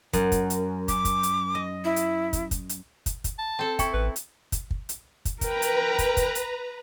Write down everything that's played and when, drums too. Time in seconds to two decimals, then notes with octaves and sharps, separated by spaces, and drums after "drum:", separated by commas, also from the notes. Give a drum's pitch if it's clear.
0.13 F#2, drum: kick, hi-hat
0.32 drum: kick, hi-hat
0.50 drum: hi-hat
0.88 D6, drum: kick, hi-hat
1.05 drum: kick, hi-hat
1.23 drum: hi-hat
1.55 D#5
1.85 E4
1.96 drum: hi-hat
2.33 drum: kick, hi-hat
2.51 drum: kick, hi-hat
2.69 drum: hi-hat
3.06 drum: kick, hi-hat
3.24 drum: kick, hi-hat
3.39 A5
3.59 C4 A4
3.79 E4 G5 C#6, drum: kick, hi-hat
3.93 A1 B4
4.16 drum: hi-hat
4.52 drum: kick, hi-hat
4.71 drum: kick
4.89 drum: hi-hat
5.25 drum: kick, hi-hat
5.41 A#4 B4 G5 A#5, drum: kick, hi-hat
5.62 drum: hi-hat
5.99 drum: kick, hi-hat
6.17 drum: kick, hi-hat
6.35 drum: hi-hat